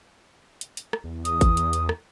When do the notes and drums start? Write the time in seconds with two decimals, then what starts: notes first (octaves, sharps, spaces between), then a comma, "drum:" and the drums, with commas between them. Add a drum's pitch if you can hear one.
0.61 drum: hi-hat
0.77 drum: hi-hat
0.93 drum: rim click
1.04 E2
1.25 D#6, drum: hi-hat
1.41 drum: kick G#1, hi-hat
1.57 drum: hi-hat
1.73 drum: hi-hat
1.89 drum: rim click